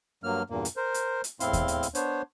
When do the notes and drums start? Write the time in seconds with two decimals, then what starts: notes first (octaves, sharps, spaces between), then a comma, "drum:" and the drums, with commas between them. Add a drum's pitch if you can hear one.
0.24 G2 F#3 A#3 F6
0.50 E2 G2 A#2 A#3
0.65 drum: hi-hat
0.77 A#4 C5
0.94 drum: hi-hat
1.24 drum: hi-hat
1.40 E2 A2 C4 E4 F5 C6, drum: hi-hat
1.53 drum: kick D#2, hi-hat
1.68 drum: hi-hat
1.83 drum: hi-hat
1.95 B3 D4 C5 C#5, drum: hi-hat